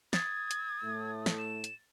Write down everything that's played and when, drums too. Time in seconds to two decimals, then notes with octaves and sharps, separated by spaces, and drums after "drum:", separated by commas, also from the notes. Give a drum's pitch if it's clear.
0.13 D#6 G#6 A6, drum: snare
0.51 drum: hi-hat
0.84 A2 A3
1.26 drum: snare
1.38 E7
1.64 drum: hi-hat